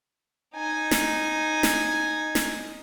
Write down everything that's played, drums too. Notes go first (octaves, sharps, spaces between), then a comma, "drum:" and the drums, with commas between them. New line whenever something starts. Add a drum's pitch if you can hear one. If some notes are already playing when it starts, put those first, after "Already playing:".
D#4 G#5
drum: snare
drum: snare
drum: snare